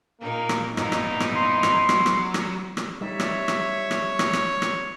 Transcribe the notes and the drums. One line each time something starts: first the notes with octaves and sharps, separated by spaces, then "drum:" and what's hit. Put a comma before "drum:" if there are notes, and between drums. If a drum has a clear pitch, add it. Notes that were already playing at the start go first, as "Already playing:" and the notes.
A#2 A#3 D#4 A#4
drum: rim click
G2 A#3 B3 D#4 E4, drum: rim click
drum: rim click
drum: rim click
C6
drum: rim click
F#3, drum: rim click
drum: rim click
drum: rim click
drum: rim click
G3 D#4 C#5 E5
drum: rim click
drum: rim click
drum: rim click
drum: rim click
drum: rim click
drum: rim click